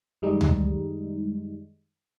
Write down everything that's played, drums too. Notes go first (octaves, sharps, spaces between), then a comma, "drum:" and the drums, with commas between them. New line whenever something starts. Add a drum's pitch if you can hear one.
F#2 D#3 G3 G#3 D#4
drum: tom D2